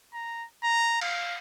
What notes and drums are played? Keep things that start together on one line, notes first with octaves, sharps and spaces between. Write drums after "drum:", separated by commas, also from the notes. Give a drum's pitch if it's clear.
A#5
A#5
F5, drum: cymbal